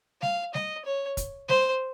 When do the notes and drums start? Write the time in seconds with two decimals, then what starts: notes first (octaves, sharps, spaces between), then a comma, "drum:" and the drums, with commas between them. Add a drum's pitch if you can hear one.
0.22 F5, drum: snare G3
0.54 D#5, drum: snare G3
0.85 C#5
1.17 drum: kick, hi-hat
1.48 C5, drum: snare G3